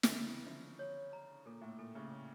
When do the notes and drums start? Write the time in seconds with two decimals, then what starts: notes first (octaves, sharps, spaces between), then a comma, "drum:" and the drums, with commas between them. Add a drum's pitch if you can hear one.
0.03 D3, drum: snare
0.13 C#3 E3 E5
0.46 D3 F3 E5
0.79 C#5
1.13 A#5
1.45 A#2 A4
1.61 A2
1.79 A#2 A4
1.95 A2 C#3
2.12 E5